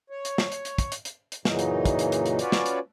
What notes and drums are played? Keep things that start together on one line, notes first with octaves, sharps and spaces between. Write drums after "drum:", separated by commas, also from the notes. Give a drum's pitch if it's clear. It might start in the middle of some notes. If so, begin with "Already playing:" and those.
C#5
drum: hi-hat
drum: snare
drum: hi-hat
drum: hi-hat
drum: kick, hi-hat
drum: hi-hat
drum: hi-hat
drum: hi-hat
F#2 A#2 C#3 E3 F#3 D#4, drum: snare
drum: hi-hat
drum: kick, hi-hat
drum: hi-hat
drum: hi-hat
drum: hi-hat
C#4 F4 F#4 B4 C#5 D5, drum: hi-hat
drum: snare
drum: hi-hat